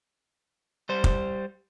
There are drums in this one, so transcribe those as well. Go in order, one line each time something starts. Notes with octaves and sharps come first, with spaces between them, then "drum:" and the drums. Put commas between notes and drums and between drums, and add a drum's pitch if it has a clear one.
G3 C5
drum: kick